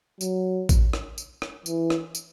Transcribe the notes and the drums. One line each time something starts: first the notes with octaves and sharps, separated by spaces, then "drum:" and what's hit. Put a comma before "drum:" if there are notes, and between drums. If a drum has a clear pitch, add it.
F#3, drum: tambourine
drum: kick A1, tambourine
drum: rim click
drum: tambourine
drum: rim click
E3, drum: tambourine
drum: rim click
drum: tambourine